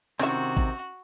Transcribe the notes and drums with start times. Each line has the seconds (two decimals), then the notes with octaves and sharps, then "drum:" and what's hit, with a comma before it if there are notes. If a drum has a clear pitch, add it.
0.19 C3 D#3 C4 C#4 E4 F#4 E5, drum: open hi-hat
0.57 drum: kick A1